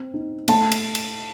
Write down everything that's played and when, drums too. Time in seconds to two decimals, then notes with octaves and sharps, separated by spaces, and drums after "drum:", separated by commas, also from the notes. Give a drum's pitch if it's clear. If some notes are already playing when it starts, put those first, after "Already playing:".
Already playing: C4
0.14 D#4
0.48 A3 A5, drum: cymbal
0.72 drum: cymbal
0.95 drum: cymbal